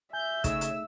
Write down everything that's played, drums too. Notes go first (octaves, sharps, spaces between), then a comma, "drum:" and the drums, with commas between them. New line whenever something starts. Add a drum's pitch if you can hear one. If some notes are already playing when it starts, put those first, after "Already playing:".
E5 G#5 G6
C#3 A3 D#4 G#4 E6, drum: kick, hi-hat
drum: hi-hat